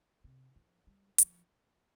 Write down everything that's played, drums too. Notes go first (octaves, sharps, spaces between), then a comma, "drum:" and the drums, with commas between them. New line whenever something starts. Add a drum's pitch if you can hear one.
C3
F3
G3
F3, drum: hi-hat